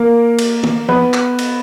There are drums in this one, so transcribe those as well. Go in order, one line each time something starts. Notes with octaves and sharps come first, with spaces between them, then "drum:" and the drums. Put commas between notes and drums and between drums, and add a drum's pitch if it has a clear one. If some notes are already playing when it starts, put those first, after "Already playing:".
Already playing: A#3 A#4
drum: cymbal
drum: tom
B3 B4, drum: tom F3
drum: clap
drum: cymbal